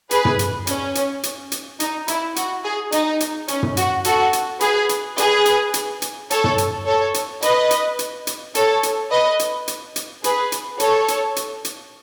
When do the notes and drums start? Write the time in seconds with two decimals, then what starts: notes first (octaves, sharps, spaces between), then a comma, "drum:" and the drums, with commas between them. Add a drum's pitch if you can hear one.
0.11 G#4 B4, drum: hi-hat
0.25 drum: tom
0.39 drum: hi-hat
0.67 C#4, drum: hi-hat
0.95 drum: hi-hat
1.23 drum: hi-hat
1.52 drum: hi-hat
1.80 D#4, drum: hi-hat
2.08 E4, drum: hi-hat
2.36 F#4, drum: hi-hat
2.64 G#4
2.92 D#4, drum: hi-hat
3.20 drum: hi-hat
3.48 C#4, drum: hi-hat
3.63 drum: tom
3.77 F#4, drum: hi-hat
4.04 F#4 A4, drum: hi-hat
4.33 drum: hi-hat
4.61 G#4 B4, drum: hi-hat
4.89 drum: hi-hat
5.18 G#4 B4, drum: hi-hat
5.46 drum: hi-hat
5.74 drum: hi-hat
6.02 drum: hi-hat
6.31 A4 C#5, drum: hi-hat
6.44 drum: tom
6.58 drum: hi-hat
6.86 A4 C#5
7.14 drum: hi-hat
7.42 B4 D#5, drum: hi-hat
7.71 drum: hi-hat
7.99 drum: hi-hat
8.27 drum: hi-hat
8.55 A4 C#5, drum: hi-hat
8.83 drum: hi-hat
9.11 B4 D#5
9.39 drum: hi-hat
9.68 drum: hi-hat
9.96 drum: hi-hat
10.24 G#4 B4, drum: hi-hat
10.52 drum: hi-hat
10.80 A4 C#5, drum: hi-hat
11.08 drum: hi-hat
11.36 drum: hi-hat
11.65 drum: hi-hat